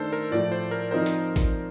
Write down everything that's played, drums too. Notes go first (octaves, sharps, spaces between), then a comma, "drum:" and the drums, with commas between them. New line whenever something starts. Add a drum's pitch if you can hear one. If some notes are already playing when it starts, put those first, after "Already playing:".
Already playing: D#3 A3 D4 A4 A#4 C5
A#4
A2 F3 A3 D5
C5
A#4
F3 C4 D#4 A#4 C5
drum: hi-hat
drum: kick A1, hi-hat